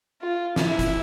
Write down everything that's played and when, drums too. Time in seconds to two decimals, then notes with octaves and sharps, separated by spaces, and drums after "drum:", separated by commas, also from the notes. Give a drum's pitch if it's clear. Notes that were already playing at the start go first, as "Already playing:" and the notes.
0.21 F4
0.56 E4, drum: snare
0.79 drum: kick F1, hi-hat